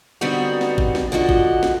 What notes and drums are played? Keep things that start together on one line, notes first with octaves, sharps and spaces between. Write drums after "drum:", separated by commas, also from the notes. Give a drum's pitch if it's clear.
D3 G3 B3 C4 D#4 F#4
drum: snare
drum: kick
drum: snare
D3 F3 F#4 D#5
drum: kick
drum: snare